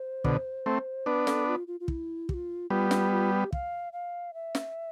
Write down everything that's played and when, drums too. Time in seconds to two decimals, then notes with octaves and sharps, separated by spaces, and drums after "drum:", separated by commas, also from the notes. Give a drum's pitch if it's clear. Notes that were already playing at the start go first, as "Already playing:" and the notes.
Already playing: C5
0.24 B2 D3, drum: kick
0.66 A3 C4
1.06 B3 D4 B4
1.27 A4, drum: snare
1.47 F4
1.67 F4
1.80 F4
1.88 E4, drum: kick
2.29 G4, drum: kick
2.34 F4
2.70 G3 B3 F4
2.91 F4, drum: snare
3.11 F4
3.32 G4
3.53 F5, drum: kick
3.93 F5
4.34 E5
4.55 drum: snare